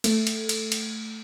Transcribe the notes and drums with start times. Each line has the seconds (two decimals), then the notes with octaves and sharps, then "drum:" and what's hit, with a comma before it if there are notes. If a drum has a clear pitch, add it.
0.04 A3, drum: cymbal
0.27 drum: cymbal
0.49 drum: cymbal
0.72 drum: cymbal